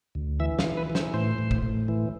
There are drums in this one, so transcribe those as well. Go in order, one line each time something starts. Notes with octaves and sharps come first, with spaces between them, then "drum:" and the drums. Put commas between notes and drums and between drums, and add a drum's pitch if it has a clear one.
D2
E3 E5
F5, drum: snare
E3
B4
E3
C5, drum: snare
A2 C5
A2
drum: kick
A2
E3